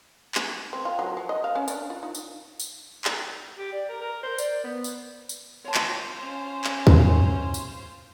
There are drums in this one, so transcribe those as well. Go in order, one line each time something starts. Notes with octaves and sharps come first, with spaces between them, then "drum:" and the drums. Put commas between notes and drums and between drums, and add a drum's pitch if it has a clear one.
drum: clap
C4
F4
F#3
F3
D#5
F5
C#4
D4, drum: tambourine
F4
D#4
drum: tambourine
drum: tambourine
drum: clap
G4
D5
A#4
A#4
C5
D5, drum: tambourine
B3
drum: tambourine
drum: tambourine
F4 C5 C#5 A5
drum: clap
C#4
drum: clap
drum: kick
drum: tambourine